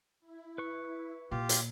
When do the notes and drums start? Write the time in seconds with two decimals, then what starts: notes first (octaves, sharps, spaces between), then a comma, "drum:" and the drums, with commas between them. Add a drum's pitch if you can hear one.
0.20 E4
0.58 B4 C#6
1.31 A#2 F4 G4
1.49 drum: hi-hat